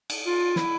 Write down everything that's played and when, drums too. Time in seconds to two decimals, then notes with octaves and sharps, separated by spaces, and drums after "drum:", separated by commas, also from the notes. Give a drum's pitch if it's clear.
0.10 drum: cymbal
0.25 F4
0.56 E4, drum: snare